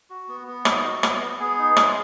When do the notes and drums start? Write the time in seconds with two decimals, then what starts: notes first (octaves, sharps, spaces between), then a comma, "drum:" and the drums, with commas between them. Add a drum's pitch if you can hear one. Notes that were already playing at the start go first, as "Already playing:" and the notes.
0.10 F#4
0.28 B3
0.47 B3
0.65 D#4, drum: rim click
0.84 F#4
1.03 B3, drum: rim click
1.21 B3
1.40 B3 G#4
1.59 D#4
1.77 G#3, drum: rim click